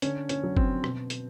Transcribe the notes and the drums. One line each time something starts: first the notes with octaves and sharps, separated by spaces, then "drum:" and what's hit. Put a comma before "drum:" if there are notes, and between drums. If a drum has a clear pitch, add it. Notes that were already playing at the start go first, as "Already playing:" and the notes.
D3 C#4, drum: hi-hat
C#4, drum: hi-hat
F#3
C4, drum: kick
B2, drum: rim click
drum: hi-hat